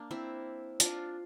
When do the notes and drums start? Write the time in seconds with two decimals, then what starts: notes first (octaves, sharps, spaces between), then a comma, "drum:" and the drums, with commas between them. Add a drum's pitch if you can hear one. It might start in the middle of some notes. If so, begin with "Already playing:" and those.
Already playing: A#3 D4
0.11 C4 E4
0.80 D4 F4, drum: hi-hat